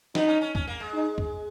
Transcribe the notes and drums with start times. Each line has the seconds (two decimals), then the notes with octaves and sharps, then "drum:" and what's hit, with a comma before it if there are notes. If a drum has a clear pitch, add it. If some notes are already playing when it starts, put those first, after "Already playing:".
0.15 B3 D#4, drum: snare
0.28 C#4
0.41 C#4
0.55 C#4, drum: kick D2
0.67 A#3
0.80 G#3
0.94 D#4
1.18 drum: kick D2